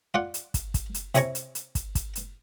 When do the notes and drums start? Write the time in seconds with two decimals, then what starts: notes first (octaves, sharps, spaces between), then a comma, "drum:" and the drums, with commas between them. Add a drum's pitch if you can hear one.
0.14 F4 D5 F#5
0.34 drum: hi-hat
0.54 drum: kick, hi-hat
0.74 drum: kick, hi-hat
0.94 drum: hi-hat
1.15 C3 E4 C#5 G#5 A#5 C#6, drum: hi-hat
1.35 drum: hi-hat
1.55 drum: hi-hat
1.75 drum: kick, hi-hat
1.95 drum: kick, hi-hat
2.15 drum: hi-hat